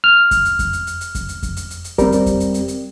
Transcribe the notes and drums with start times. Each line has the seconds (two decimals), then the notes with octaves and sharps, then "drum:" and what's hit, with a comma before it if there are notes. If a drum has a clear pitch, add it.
0.04 F6
0.31 drum: kick F2, hi-hat
0.45 drum: hi-hat
0.59 drum: kick F2, hi-hat
0.73 drum: hi-hat
0.87 drum: hi-hat
1.01 drum: hi-hat
1.15 drum: kick F2, hi-hat
1.29 drum: hi-hat
1.43 drum: kick F2, hi-hat
1.57 drum: hi-hat
1.71 drum: hi-hat
1.84 drum: hi-hat
1.98 G3 C4 A#4, drum: kick F2, hi-hat
2.12 drum: hi-hat
2.26 drum: kick F2, hi-hat
2.40 drum: hi-hat
2.54 drum: hi-hat
2.68 drum: hi-hat